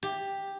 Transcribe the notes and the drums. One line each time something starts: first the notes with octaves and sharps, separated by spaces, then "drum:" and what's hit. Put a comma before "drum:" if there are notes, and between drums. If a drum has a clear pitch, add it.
G4, drum: hi-hat